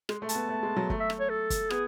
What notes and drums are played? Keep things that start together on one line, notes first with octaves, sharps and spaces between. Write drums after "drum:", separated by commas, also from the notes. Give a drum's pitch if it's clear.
G#3, drum: rim click
A3
A5, drum: hi-hat
B3
A3
G#3
F#3
A3, drum: kick
E5
drum: rim click
C#5
A4
drum: kick, hi-hat
B3 G#4, drum: rim click